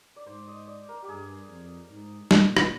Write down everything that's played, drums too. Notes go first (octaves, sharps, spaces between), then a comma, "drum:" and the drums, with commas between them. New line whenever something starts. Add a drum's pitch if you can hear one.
D5
G#2 C5
D#5
D5
A#4
G4
G2 G#4
F2
G#2
A#2, drum: snare
drum: rim click